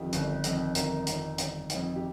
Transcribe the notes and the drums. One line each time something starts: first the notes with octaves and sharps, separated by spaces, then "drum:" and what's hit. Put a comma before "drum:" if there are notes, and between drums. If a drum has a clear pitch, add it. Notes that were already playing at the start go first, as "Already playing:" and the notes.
Already playing: G1 F2 D#3 F4 G4
G1, drum: hi-hat
F2 D#3, drum: hi-hat
G1 A#4, drum: hi-hat
F2 D#3, drum: hi-hat
G1, drum: hi-hat
F2 D#3, drum: hi-hat
G4